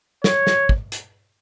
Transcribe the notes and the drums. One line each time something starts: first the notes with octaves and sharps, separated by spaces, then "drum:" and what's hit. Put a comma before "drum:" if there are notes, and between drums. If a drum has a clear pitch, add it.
C#5, drum: snare
drum: snare
drum: kick
drum: hi-hat